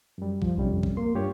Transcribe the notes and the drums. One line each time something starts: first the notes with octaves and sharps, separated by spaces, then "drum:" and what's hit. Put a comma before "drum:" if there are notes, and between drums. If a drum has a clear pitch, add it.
F#2 G3
F3, drum: kick A#1
B1 C3 G3 C#4
F2
drum: kick A#1
A#3 C6
G2 F4 G4 C#5